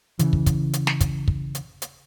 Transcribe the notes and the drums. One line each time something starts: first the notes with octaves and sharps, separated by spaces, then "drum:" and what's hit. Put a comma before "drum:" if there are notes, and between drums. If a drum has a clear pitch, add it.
C#3 E3, drum: hi-hat
drum: kick
drum: kick, hi-hat
drum: hi-hat
drum: snare
drum: kick, hi-hat
drum: kick
drum: hi-hat
drum: hi-hat